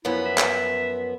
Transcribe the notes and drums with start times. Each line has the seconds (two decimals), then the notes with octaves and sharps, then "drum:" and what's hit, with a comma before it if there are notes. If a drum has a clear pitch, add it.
0.05 F#2 F3 B3 E4
0.25 E5
0.38 drum: clap